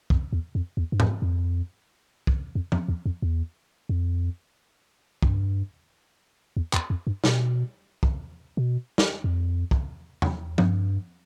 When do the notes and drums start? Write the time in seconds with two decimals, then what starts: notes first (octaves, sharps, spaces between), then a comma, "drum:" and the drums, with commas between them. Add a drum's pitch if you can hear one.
0.10 F2, drum: kick
0.33 E2
0.55 F2
0.77 E2
0.92 G2
1.00 F2, drum: tom G#2
1.22 F2
2.27 drum: kick
2.55 F2
2.72 F2, drum: tom F3
2.88 E2
3.06 F2
3.22 E2
3.89 F2
5.23 G2, drum: kick
6.57 E2
6.73 E2, drum: clap
6.90 F2
7.07 G2
7.24 B2, drum: snare
8.03 drum: kick
8.57 B2
8.98 drum: snare
9.24 F2
9.71 drum: kick
10.22 drum: tom E2
10.58 G2, drum: tom F3